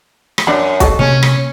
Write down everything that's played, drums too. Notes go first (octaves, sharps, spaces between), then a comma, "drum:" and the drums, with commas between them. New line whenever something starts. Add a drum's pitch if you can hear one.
drum: rim click
F#2 D4 B5
F#4 A4 D#5, drum: kick B1, hi-hat
C3 A#3 C#4
drum: rim click